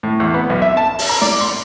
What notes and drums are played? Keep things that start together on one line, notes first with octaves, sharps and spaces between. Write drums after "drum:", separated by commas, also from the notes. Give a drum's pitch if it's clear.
A2
E2
B3
B1
E5
A5
drum: open hi-hat
A#5
D5, drum: snare
C6